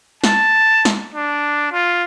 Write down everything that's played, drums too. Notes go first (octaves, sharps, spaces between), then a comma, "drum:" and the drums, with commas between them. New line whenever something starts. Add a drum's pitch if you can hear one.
A5, drum: snare
drum: snare
D4
F4